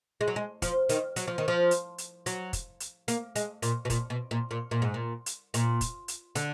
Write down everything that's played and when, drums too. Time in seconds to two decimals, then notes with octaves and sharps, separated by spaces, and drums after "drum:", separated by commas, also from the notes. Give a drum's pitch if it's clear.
0.21 G#3
0.28 F#3
0.36 G#3
0.62 F3, drum: kick, hi-hat
0.89 D#3, drum: hi-hat
1.16 F#3, drum: hi-hat
1.28 F3
1.38 D#3
1.48 F3
1.71 drum: hi-hat
1.98 drum: hi-hat
2.26 F#3, drum: hi-hat
2.53 drum: kick, hi-hat
2.80 drum: hi-hat
3.08 A#3, drum: hi-hat
3.36 G#3, drum: hi-hat
3.62 A#2, drum: hi-hat
3.85 B2
3.90 A#2, drum: kick, hi-hat
4.10 B2
4.31 A#2
4.51 A#2
4.71 A#2
4.82 G#2
4.94 A#2
5.26 drum: hi-hat
5.54 A#2, drum: hi-hat
5.81 drum: kick, hi-hat
6.08 drum: hi-hat
6.35 D3, drum: hi-hat